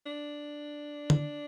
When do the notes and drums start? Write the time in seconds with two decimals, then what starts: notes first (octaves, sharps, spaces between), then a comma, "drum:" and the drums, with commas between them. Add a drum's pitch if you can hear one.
0.06 D4
1.10 drum: tom